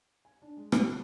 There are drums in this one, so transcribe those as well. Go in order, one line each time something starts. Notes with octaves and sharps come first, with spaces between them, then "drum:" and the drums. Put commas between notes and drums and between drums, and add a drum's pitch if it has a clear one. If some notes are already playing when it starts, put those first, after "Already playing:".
G#5
D4
G#3
F#3, drum: rim click
F4